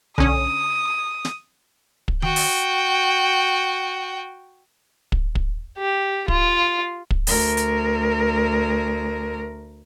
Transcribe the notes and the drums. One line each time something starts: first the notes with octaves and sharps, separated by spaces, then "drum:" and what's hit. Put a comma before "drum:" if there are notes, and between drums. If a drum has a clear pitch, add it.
D3 C#4 D#6, drum: tom B1
drum: snare
drum: kick
F#4 G5, drum: tom D#3
drum: open hi-hat
drum: kick
drum: kick
G4
F4, drum: kick
drum: kick
D2 A#4, drum: open hi-hat
drum: hi-hat